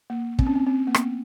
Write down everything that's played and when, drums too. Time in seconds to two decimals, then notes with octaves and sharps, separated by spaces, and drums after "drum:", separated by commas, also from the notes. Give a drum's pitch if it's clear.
0.10 A#3
0.39 C4, drum: kick
0.47 C#4
0.55 C4
0.67 C4
0.87 A#3
0.94 B3, drum: rim click